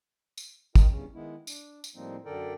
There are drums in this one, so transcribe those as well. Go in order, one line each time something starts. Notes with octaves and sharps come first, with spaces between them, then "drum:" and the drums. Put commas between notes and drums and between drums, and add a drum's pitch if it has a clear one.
drum: tambourine
F4 A#4 D#5 G5, drum: kick, tambourine
E2 G2 C#3 C#4
D#3 G#3 B3 E4
D4, drum: tambourine
drum: tambourine
A2 F3 G3 A#3 C4 D#4
F#2 D3 A4 A#4 D5 G5